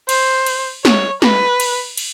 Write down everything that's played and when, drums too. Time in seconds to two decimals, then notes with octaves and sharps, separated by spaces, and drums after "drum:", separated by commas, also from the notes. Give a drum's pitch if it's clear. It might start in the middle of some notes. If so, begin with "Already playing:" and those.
0.09 C5, drum: cymbal
0.46 drum: cymbal
0.85 C#5, drum: snare
1.22 B4, drum: snare
1.60 drum: cymbal
1.98 drum: cymbal